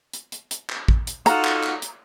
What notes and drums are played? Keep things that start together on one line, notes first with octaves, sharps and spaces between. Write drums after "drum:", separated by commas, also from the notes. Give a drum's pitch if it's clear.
drum: hi-hat
drum: hi-hat
drum: hi-hat
drum: clap
drum: kick A1
drum: hi-hat
D#4 F4 F#4 A4 F#5 A#5, drum: hi-hat
drum: clap
drum: clap
drum: hi-hat